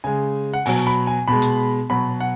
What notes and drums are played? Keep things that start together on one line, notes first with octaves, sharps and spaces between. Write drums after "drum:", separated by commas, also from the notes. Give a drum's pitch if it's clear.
C#3 G#3 G#5
F#5
B2 F#3 G#5, drum: open hi-hat
B5
G#5
B2 G#3 B5
drum: hi-hat
B2 F#3 B5
F#5